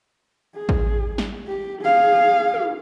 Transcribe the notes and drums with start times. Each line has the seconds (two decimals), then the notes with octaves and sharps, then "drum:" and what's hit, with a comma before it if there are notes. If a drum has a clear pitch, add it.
0.56 G#4
0.69 drum: kick
1.18 drum: snare
1.48 G4
1.81 G#4 F5
2.54 drum: tom